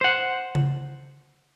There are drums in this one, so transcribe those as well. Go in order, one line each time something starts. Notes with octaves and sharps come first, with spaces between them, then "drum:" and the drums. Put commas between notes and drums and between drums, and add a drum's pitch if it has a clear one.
C5 F#5
drum: tom C#3